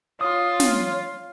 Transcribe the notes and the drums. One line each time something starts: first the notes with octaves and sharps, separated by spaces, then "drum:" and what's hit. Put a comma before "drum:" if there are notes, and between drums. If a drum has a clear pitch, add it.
F4 C#5 D#6
drum: snare